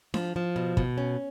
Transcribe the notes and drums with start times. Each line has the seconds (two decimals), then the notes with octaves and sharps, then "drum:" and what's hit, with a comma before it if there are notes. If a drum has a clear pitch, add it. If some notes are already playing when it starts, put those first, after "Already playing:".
0.14 F3, drum: snare D4
0.36 F3
0.56 B2
0.77 B2, drum: kick
0.98 C#4